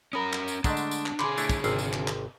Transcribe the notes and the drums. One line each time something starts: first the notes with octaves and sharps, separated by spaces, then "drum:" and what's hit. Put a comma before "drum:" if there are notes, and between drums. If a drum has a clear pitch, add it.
C#4 A#4 A#5 B5 D#6
drum: clap
drum: tambourine
D3 G#3 A3 D4 D#5 F#5 A#5, drum: kick, tambourine
drum: tambourine
drum: tambourine
drum: clap
D3 G#4 B5 C6 D6, drum: clap
A3 D4 E4, drum: tambourine
drum: kick, tambourine
G#1 C3 E6 F6 C7, drum: tambourine
drum: tambourine
drum: clap
drum: clap